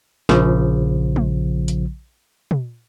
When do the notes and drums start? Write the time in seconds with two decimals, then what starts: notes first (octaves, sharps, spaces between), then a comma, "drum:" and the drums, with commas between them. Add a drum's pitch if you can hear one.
0.29 A#1 C#3 F3, drum: snare
1.16 drum: tom
1.68 drum: hi-hat
2.51 drum: tom